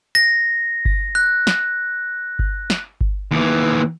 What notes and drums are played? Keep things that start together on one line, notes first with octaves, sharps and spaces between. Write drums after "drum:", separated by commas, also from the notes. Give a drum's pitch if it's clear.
A#6
drum: kick G1
F#6
drum: snare
drum: kick G1
drum: snare
drum: kick G1
D#2 E3